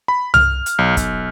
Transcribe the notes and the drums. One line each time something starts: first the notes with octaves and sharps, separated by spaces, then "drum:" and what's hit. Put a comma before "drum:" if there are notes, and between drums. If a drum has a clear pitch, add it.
B5
F6, drum: tom C2
drum: hi-hat
B1
B1, drum: kick, hi-hat